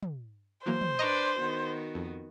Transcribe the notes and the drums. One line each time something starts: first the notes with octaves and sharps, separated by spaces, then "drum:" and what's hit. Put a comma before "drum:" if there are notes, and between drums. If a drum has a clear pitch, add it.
drum: tom
E3 F#3 A#3 C5
drum: tom
D4 B4 D5 D#5 A#5 C#6
D#3 B3 F#4
F2